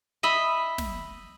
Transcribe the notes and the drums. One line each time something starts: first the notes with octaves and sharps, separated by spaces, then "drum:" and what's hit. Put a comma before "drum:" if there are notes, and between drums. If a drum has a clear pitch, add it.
D#5 E5 B5
drum: snare